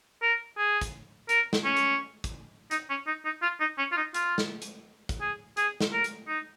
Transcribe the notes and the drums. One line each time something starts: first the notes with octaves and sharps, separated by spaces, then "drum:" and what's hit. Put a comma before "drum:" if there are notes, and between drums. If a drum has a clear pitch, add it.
A#4
G#4
drum: kick, hi-hat
A#4, drum: hi-hat
drum: snare
C#4
drum: hi-hat
drum: kick, hi-hat
D#4, drum: hi-hat
C#4
D#4
D#4
F4
D#4
C#4
F4
D#4
F4, drum: hi-hat
drum: snare
drum: hi-hat
drum: kick, hi-hat
G#4
G#4, drum: hi-hat
drum: snare
A#4
drum: hi-hat
D#4